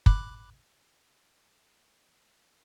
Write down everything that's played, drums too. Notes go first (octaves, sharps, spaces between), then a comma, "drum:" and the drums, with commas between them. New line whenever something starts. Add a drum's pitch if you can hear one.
B5 D6 F#6, drum: kick